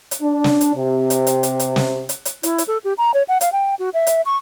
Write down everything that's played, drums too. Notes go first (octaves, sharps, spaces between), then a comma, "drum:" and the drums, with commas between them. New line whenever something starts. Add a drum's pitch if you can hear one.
drum: hi-hat
D4
drum: snare
drum: hi-hat
C3
drum: hi-hat
drum: hi-hat
drum: hi-hat
drum: hi-hat
drum: snare
drum: hi-hat
drum: hi-hat
E4, drum: hi-hat
drum: hi-hat
A4
G4
A#5
C#5
F#5
F5, drum: hi-hat
G5
F#4
E5
drum: hi-hat
C#6